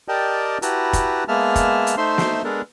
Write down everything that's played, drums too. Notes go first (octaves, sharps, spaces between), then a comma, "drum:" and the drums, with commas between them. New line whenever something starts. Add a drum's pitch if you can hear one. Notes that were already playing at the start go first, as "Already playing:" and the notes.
G4 A#4 D5 D#5 G5 A5
E4 F#4 G4 B4 A5 A#5, drum: hi-hat
drum: kick, hi-hat
G#3 A#3 B3 E5 A5 F6
drum: kick, hi-hat
drum: hi-hat
A3 D#4 C5 E5 C6
drum: snare
G#3 B3 D4 A4 A#4